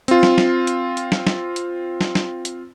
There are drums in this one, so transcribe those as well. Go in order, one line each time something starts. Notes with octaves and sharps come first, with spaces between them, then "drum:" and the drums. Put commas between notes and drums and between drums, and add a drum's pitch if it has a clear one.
C4 F4, drum: hi-hat
drum: snare
drum: snare
drum: hi-hat
drum: hi-hat
drum: snare
drum: snare
drum: hi-hat
drum: snare
drum: snare
drum: hi-hat